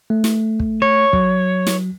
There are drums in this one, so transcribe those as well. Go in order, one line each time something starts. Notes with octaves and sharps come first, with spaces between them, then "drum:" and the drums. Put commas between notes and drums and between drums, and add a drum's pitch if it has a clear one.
A3
drum: snare
drum: kick
C#5
F#3, drum: kick
drum: snare